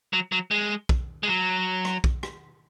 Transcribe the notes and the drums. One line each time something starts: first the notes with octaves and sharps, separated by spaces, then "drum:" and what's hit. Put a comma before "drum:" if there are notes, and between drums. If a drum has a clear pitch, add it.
F#3
F#3
G#3
drum: kick B1
G#3
F#3
drum: rim click
drum: kick B1
drum: rim click